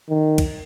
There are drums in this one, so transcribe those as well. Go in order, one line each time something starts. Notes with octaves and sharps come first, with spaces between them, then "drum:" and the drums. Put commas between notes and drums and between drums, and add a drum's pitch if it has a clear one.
D#3
drum: kick, cymbal